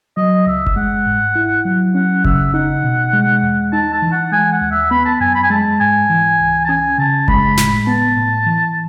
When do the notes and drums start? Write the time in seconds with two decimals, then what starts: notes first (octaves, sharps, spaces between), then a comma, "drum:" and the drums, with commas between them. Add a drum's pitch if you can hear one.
0.17 F#3 D#5
0.47 C#2 E5
0.67 drum: kick F#1
0.76 G#3 F#5
1.06 G#2
1.36 E4
1.65 F#3
1.95 C#4 F#5
2.24 C#3 E5, drum: kick F#1
2.54 D#4 F#5
2.84 B2
3.13 G#3
3.43 E2
3.73 D#4 A5
3.92 A5
4.02 E3
4.12 F#5
4.32 G#3 G#5
4.52 F#5
4.61 D#2
4.71 E5
4.91 B3 B5
5.06 A5
5.21 F#2 G#5
5.35 B5
5.43 G#5
5.50 G#3 A5
5.80 G#2 G#5
6.10 E3
6.39 C#2
6.65 A5
6.69 C#4 G#5
6.98 C#3 A5
7.28 G#3 B5, drum: kick F#1
7.57 A2, drum: snare
7.87 B3 A5
8.17 A2
8.46 E3